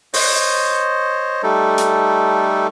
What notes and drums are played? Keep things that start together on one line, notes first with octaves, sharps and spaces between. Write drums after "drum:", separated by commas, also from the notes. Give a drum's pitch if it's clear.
C5 C#5 D#5, drum: open hi-hat
G3 A3 D#4 A4
drum: hi-hat